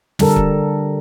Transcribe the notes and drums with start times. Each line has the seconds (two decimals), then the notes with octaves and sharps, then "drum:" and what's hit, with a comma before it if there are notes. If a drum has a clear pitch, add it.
0.19 D3 G3 A4 A#4, drum: snare
0.36 drum: kick C#1